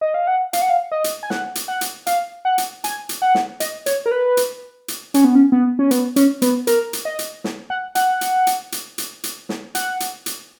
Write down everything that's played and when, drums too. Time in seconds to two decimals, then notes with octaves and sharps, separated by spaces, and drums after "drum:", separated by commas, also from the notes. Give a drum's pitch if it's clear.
0.01 D#5
0.14 F5
0.27 F#5
0.53 F5, drum: hi-hat
0.62 F#5
0.70 F5
0.92 D#5
1.04 drum: hi-hat
1.23 G#5
1.30 F#5, drum: snare
1.55 drum: hi-hat
1.68 F#5
1.81 drum: hi-hat
2.07 F5, drum: hi-hat
2.45 F#5
2.58 drum: hi-hat
2.84 G#5, drum: hi-hat
3.09 drum: hi-hat
3.22 F#5
3.35 drum: snare
3.60 D#5, drum: hi-hat
3.86 C#5, drum: hi-hat
4.06 A#4
4.11 B4
4.37 drum: hi-hat
4.88 drum: hi-hat
5.14 C#4, drum: hi-hat
5.24 B3
5.35 C#4
5.52 B3
5.79 C#4
5.91 B3, drum: hi-hat
6.16 C#4, drum: hi-hat
6.42 B3, drum: hi-hat
6.67 A#4, drum: hi-hat
6.93 drum: hi-hat
7.05 D#5
7.19 drum: hi-hat
7.44 drum: snare
7.70 F#5
7.95 F#5, drum: hi-hat
8.21 drum: hi-hat
8.47 drum: hi-hat
8.72 drum: hi-hat
8.98 drum: hi-hat
9.24 drum: hi-hat
9.49 drum: snare
9.75 F#5, drum: hi-hat
10.00 drum: hi-hat
10.26 drum: hi-hat